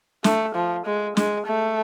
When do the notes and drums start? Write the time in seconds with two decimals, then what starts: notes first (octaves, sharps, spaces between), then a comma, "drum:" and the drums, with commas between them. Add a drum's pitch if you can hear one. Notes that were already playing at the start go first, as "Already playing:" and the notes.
0.24 A3, drum: snare
0.55 F3
0.86 G#3
1.17 G#3, drum: snare
1.47 A3